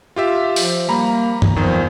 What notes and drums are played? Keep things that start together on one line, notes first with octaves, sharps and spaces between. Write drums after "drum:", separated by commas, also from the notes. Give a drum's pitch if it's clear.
F4 G4 E5
F3, drum: open hi-hat
G3 A#3 A#5 B5
drum: tom G2
E2 D#3 F3